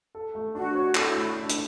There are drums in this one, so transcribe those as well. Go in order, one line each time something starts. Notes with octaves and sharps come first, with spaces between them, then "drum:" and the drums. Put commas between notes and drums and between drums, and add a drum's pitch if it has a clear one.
A4
A3
D4 F#4
C#5
E4 A4, drum: clap
A3
D4
drum: hi-hat